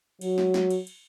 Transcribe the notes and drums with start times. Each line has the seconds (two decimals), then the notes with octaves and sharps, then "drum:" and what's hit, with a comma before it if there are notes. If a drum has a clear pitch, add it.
0.21 F#3, drum: cymbal
0.38 drum: snare
0.54 drum: snare
0.70 drum: cymbal
0.87 drum: cymbal